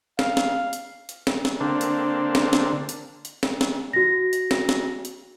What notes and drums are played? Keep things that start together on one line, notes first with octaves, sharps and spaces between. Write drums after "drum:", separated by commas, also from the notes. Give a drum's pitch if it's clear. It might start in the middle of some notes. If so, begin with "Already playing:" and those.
F5, drum: snare
drum: snare
drum: hi-hat
drum: hi-hat
drum: snare
drum: snare
D3 A#3 C4 D4
drum: hi-hat
drum: snare
drum: snare
drum: hi-hat
drum: hi-hat
drum: snare
drum: snare
F#4 A#6
drum: hi-hat
drum: snare
drum: snare
drum: hi-hat